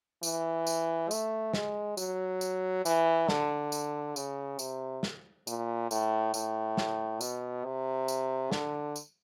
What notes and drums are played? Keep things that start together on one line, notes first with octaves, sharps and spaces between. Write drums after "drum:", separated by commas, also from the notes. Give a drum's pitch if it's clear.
E3, drum: tambourine
drum: tambourine
A3, drum: tambourine
G#3, drum: snare
F#3, drum: tambourine
drum: tambourine
E3, drum: tambourine
D3, drum: snare
drum: tambourine
C#3, drum: tambourine
C3, drum: tambourine
drum: snare
A#2, drum: tambourine
A2, drum: tambourine
A2, drum: tambourine
drum: snare
B2, drum: tambourine
C3
drum: tambourine
D3, drum: snare
drum: tambourine